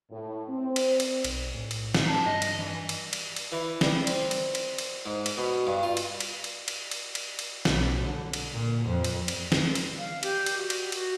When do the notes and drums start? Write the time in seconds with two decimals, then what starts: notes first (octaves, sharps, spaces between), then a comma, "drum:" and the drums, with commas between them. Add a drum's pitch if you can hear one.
0.11 A2
0.48 C4
0.76 drum: cymbal
1.00 drum: cymbal
1.24 B1, drum: cymbal
1.54 A2
1.71 drum: cymbal
1.94 drum: snare
2.06 F#3 D#4 A5
2.26 G2 D#5
2.42 drum: cymbal
2.59 G2 E3
2.89 drum: cymbal
3.13 drum: cymbal
3.36 drum: cymbal
3.52 E3
3.81 G3, drum: snare
4.07 C4, drum: cymbal
4.31 drum: cymbal
4.55 drum: cymbal
4.78 drum: cymbal
5.06 G#2
5.26 drum: cymbal
5.37 B2
5.67 G2
5.83 F4
5.97 drum: cymbal
6.20 drum: cymbal
6.44 drum: cymbal
6.68 drum: cymbal
6.91 drum: cymbal
7.15 drum: cymbal
7.39 drum: cymbal
7.65 B1, drum: snare
8.03 D3
8.33 drum: cymbal
8.52 A#2
8.85 F2
9.04 drum: cymbal
9.28 drum: cymbal
9.52 drum: snare
9.75 drum: cymbal
9.98 F5
10.23 G4, drum: cymbal
10.46 drum: cymbal
10.58 F#4
10.70 drum: cymbal
10.92 F#4, drum: cymbal